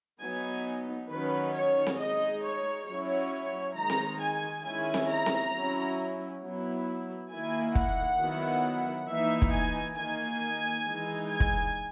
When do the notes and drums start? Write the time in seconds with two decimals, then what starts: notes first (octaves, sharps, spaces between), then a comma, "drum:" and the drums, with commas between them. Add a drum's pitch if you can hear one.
0.21 F#3 B3 D#4 G#5
1.10 D#3 F#3 C#4 B4
1.55 C#5
1.87 drum: snare C4
1.99 G#3 D#4 D#5
2.43 C#5
2.87 F#3 C#4 E4 C#5
3.76 D#3 G#3 D#4 A#5
3.90 drum: snare C4
4.21 G#5
4.65 D#3 G#3 C#4 E4 G#5
4.94 drum: snare C4
5.09 A#5
5.26 drum: snare C4
5.54 F#3 C#4 E4
6.42 F#3 B3 E4
7.31 D#3 A#3 E4 G#5
7.75 F#5, drum: kick
8.19 D#3 F#3 B3 E4
9.08 E3 A#3 D#4 E5
9.42 drum: kick
9.53 G#5
9.97 D#3 A#3 D#4 G#5
10.85 E3 G#3 D#4
11.30 G#5
11.40 drum: kick